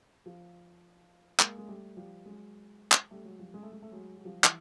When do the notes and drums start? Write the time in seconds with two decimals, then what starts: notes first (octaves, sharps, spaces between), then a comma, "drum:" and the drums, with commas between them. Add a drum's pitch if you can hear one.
0.26 F3
1.39 G#3 A#3, drum: clap
1.58 G#3
1.68 G3 A3
1.97 F3 G3
2.25 F#3 G#3
2.92 drum: clap
3.11 G3 A3
3.24 F#3 G#3
3.39 F3 G3
3.54 G#3
3.63 A3
3.72 G#3
3.82 A3
3.92 F#3 G#3
4.17 F#3
4.24 F3 G3
4.44 E3, drum: clap